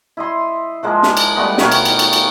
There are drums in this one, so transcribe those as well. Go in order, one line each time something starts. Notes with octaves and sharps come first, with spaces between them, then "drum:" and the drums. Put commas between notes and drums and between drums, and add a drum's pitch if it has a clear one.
E4 D#5 C6
F3 G#3 A#3
drum: snare
drum: cymbal
G3 A3 B3 D#5
B2 D#3 C#5 F5, drum: snare
drum: cymbal
drum: cymbal
drum: cymbal
drum: cymbal